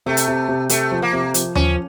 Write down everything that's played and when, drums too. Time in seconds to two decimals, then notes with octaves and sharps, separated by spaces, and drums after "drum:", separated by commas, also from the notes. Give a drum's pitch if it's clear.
0.06 C3 A3
0.17 drum: hi-hat
0.28 C3
0.49 C3
0.69 C3 A3, drum: hi-hat
0.92 F3
1.02 A#3
1.13 C3
1.34 F3, drum: hi-hat
1.55 F3 C#4, drum: tom D#2